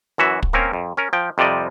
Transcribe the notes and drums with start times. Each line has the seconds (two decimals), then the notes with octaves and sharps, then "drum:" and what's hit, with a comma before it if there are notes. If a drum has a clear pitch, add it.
0.18 F#2 E3 F#4 E5
0.43 drum: kick
0.53 A#3 C4 C#4 A#4
0.73 F2
0.97 C#4 A#4
1.13 F3 G5
1.38 F2 C3 G3 D5 D#5